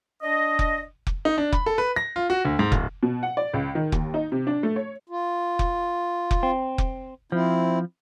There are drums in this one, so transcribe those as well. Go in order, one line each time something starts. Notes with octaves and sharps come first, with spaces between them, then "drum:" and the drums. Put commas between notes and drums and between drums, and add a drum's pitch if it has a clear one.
D4 D#5
drum: kick F1
drum: kick F1
D#4
D4
B5, drum: kick F1
A4
B4
A#6
F4
F#4
D2
G#2
D1, drum: kick F1
B2
F#5
D5
C#2
D#3
D#2, drum: kick F1
D#4
C3
D4
A3
C#5
F4
drum: kick F1
drum: kick F1
C4
drum: kick F1
F3 C4 E4